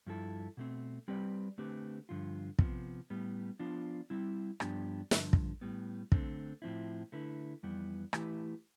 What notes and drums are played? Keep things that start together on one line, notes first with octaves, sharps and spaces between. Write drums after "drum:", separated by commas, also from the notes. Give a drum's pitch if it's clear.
G2 F3 A3 E4 A4
B2 A3 C4
G3 C4 G4 B4 D5
D3 A3 C4 G4 B4
G2 D3 F3 F4
C3 F3 B3, drum: kick
A2 G3 B3
F3 B3 D4 F4
G3 C4 E4
G2 F3 B3 D4 G4, drum: rim click
G2 D3 F3, drum: snare
drum: kick
A2 G3 B3
D3 A3 C4, drum: kick
A2 F3 C4 E4
D3 A3 E4 B4
F2 E3 G3 B3
E3 A3 E4 G4 B4, drum: rim click